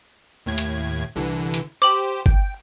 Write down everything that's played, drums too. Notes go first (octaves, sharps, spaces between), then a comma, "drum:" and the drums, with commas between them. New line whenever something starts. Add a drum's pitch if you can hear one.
D#2 A2 G#6
drum: hi-hat
C2 D3 E3
drum: hi-hat
G4 C5 D6 F#7
G5, drum: kick G1